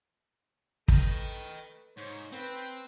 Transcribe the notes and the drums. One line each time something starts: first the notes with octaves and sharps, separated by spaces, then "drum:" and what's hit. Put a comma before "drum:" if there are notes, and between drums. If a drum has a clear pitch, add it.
A3 B4 D#5 G5, drum: kick
G#2 C5 C#5
C4 B4 G5